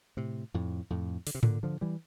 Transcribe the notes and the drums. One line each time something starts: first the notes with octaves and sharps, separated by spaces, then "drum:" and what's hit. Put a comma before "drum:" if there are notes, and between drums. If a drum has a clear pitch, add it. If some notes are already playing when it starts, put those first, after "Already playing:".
A2 C3
F2 A2
F2 A2
D3, drum: open hi-hat
C3
A#2 D3, drum: tom G#2
D3 F3
E3 G3